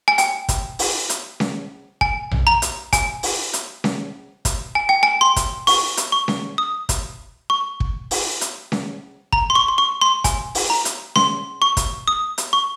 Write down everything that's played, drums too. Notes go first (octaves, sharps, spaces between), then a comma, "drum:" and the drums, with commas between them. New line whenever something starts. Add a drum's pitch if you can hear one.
G#5
G5, drum: hi-hat
drum: kick, hi-hat
drum: open hi-hat
drum: hi-hat
drum: snare C#4
G#5, drum: kick
drum: tom A#1
A#5
drum: hi-hat
G#5, drum: kick, hi-hat
drum: open hi-hat
drum: hi-hat
drum: snare C#4
drum: kick, hi-hat
G#5
G5
G#5
C6
drum: kick, hi-hat
C#6, drum: open hi-hat
drum: hi-hat
C#6
drum: snare C#4
D#6
drum: kick, hi-hat
C#6
drum: kick
drum: open hi-hat
drum: hi-hat
drum: snare C#4
A#5, drum: kick
C6
C#6
C6
C#6
C6
G#5, drum: kick, hi-hat
drum: open hi-hat
A#5
drum: hi-hat
C6, drum: snare C#4
C#6
drum: kick, hi-hat
D#6
drum: hi-hat
C#6